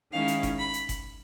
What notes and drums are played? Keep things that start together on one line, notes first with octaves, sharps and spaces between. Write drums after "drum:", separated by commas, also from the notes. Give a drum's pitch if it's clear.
D#3 G#3 C#4 E4 F5
drum: hi-hat
drum: kick F#1, hi-hat
B5
drum: hi-hat
drum: kick F#1, hi-hat